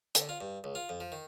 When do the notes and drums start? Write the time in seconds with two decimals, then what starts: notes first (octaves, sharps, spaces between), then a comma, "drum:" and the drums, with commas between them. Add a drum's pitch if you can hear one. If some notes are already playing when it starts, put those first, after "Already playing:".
0.15 D3, drum: hi-hat
0.29 F4
0.41 G2
0.64 C#2
0.75 F4
0.89 F2
1.00 F3
1.12 D#3